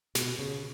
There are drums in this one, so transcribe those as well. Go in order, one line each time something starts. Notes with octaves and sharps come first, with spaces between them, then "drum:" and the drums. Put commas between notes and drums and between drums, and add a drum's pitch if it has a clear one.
B2, drum: snare
C#3